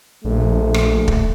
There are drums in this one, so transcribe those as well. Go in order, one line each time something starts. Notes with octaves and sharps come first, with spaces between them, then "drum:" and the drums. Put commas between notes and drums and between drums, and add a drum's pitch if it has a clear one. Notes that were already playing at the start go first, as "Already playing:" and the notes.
A#1 A3
drum: rim click
drum: kick